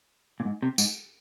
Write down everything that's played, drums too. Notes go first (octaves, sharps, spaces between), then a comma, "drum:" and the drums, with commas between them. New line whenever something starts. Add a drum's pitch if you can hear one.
A#2
G#2
C3
G#2, drum: tambourine